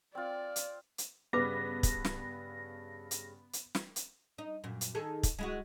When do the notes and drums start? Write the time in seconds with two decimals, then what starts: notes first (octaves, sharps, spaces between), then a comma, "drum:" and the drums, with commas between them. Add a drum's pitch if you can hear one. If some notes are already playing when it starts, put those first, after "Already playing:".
0.15 C4 F4 D5
0.56 drum: hi-hat
0.98 drum: hi-hat
1.33 G2 C#3 B3 B4 D6 A#6
1.83 drum: kick, hi-hat
2.05 drum: snare
3.11 drum: hi-hat
3.53 drum: hi-hat
3.75 drum: snare
3.96 drum: hi-hat
4.38 D#4
4.64 F#2 A#2
4.81 drum: hi-hat
4.95 D#3 G#4 A4
5.23 drum: kick, hi-hat
5.39 G#3 E4 F#4